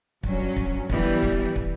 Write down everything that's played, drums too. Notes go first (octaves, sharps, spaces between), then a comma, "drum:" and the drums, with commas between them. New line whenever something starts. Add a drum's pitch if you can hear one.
G2 F#3 C#4, drum: kick
drum: kick
E3 G3 B3, drum: kick
drum: kick
drum: kick